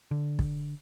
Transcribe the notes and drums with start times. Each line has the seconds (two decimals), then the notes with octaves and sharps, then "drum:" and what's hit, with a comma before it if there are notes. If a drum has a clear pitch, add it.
0.11 D3
0.39 drum: kick